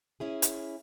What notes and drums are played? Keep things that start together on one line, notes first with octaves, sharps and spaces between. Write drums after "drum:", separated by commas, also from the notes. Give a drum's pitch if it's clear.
C#4 E4 G#4
drum: hi-hat